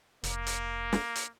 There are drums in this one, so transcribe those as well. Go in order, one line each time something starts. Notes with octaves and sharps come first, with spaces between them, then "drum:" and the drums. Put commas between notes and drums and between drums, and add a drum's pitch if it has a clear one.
F1 A#3, drum: hi-hat
drum: hi-hat
drum: snare
drum: hi-hat